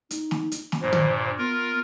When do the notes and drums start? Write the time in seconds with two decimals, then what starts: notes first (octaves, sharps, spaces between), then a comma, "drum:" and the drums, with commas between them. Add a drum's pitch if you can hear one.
0.11 D#4, drum: hi-hat
0.31 drum: snare
0.52 drum: hi-hat
0.72 drum: snare
0.82 G2 A#2 C5
0.93 drum: tom
1.38 B3 F4 A#4